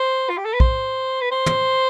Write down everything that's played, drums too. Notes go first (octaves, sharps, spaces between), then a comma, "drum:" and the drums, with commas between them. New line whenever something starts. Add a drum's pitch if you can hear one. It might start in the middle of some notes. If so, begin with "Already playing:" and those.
Already playing: C5
F4
G4
A4
B4
C5, drum: kick A#1
B4
C5
drum: tom